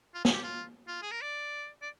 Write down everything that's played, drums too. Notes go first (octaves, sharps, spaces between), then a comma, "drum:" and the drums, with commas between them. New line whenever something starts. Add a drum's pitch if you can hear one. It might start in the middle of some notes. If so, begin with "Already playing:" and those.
F4
G#4, drum: snare
G4
F4
F4
G#4
A#4
D5
D5